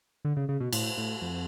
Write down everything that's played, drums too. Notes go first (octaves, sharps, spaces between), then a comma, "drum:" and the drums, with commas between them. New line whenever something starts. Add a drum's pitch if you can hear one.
D3
C#3
C#3
B2
A2, drum: cymbal
A2
F2